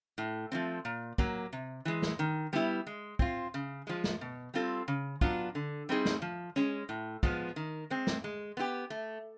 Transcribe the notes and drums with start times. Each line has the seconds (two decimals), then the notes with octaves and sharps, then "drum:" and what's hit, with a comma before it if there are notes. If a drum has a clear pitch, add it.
0.18 A2
0.52 F3 A3 C4
0.85 A#2
1.18 F#3 A#3, drum: kick
1.53 C3
1.85 E3 G#3
2.02 drum: snare
2.19 D#3
2.53 G3 B3 E4 G4
2.87 G#3
3.19 C4 F4, drum: kick
3.54 C#3
3.87 F3 G#3
4.04 drum: snare
4.21 B2
4.54 G3 C4 F4 A4
4.88 C#3
5.21 F#3 B3 D4 F4, drum: kick
5.55 D3
5.89 G3 C4 D#4 G#4
6.05 drum: snare
6.22 F3
6.56 G#3 C#4
6.89 A2
7.23 F3 G#3 B3, drum: kick
7.56 D#3
7.90 G#3 C4
8.07 drum: snare
8.24 G#3
8.57 B3 E4 G4
8.90 A3